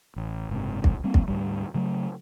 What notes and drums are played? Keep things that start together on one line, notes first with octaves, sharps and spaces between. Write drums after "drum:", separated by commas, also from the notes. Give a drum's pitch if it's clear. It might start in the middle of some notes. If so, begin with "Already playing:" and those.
A1
F#1 G#2 C3
drum: kick
G3 A#3 C4
drum: kick
D2 G#2 G3
C#3 F#3 A3